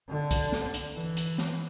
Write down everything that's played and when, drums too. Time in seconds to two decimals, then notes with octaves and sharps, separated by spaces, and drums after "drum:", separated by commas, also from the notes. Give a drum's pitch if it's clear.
0.09 D3
0.31 drum: kick C2, hi-hat
0.52 drum: snare
0.74 drum: hi-hat
0.95 E3
1.17 drum: hi-hat
1.38 drum: snare